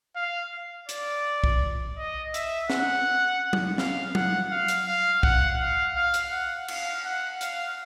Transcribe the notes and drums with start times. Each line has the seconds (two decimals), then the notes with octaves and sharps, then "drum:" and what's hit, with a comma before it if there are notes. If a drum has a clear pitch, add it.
0.16 F5
0.89 D5, drum: hi-hat
1.44 drum: kick
1.98 D#5
2.34 E5, drum: hi-hat
2.70 F#5, drum: snare
3.53 drum: tom F#3
3.78 F5, drum: snare
4.15 F#5, drum: tom F#3
4.51 F5
4.68 drum: hi-hat
4.87 F5
5.23 F#5, drum: kick
5.60 F5
5.96 F5
6.14 drum: hi-hat
6.31 F#5
6.68 F5, drum: cymbal
7.04 F#5
7.41 F5, drum: hi-hat